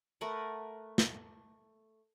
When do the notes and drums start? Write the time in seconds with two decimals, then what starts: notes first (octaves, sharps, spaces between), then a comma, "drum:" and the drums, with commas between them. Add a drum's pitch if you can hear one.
0.21 A3 A#4 B4 F#5
0.98 drum: snare